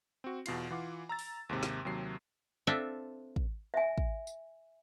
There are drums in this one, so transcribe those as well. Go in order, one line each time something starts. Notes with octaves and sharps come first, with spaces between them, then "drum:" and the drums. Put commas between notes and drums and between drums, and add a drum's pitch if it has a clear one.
C4 F#4
E2 B2 F4 C7, drum: cymbal
E3 F4 F#5 D6
A#5 E6 A6
drum: open hi-hat
D#2 G#2 C3
drum: snare
D#2 C3 F#3 C7
C4 D4 F4 A4 E5
drum: kick
E5 G#5
drum: kick
drum: tambourine